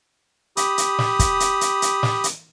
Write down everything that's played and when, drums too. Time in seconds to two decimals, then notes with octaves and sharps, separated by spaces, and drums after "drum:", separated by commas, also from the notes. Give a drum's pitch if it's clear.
0.57 G4 B5 D#6, drum: hi-hat
0.78 drum: hi-hat
0.99 drum: snare
1.19 drum: kick, hi-hat
1.40 drum: hi-hat
1.61 drum: hi-hat
1.82 drum: hi-hat
2.03 drum: snare
2.24 drum: hi-hat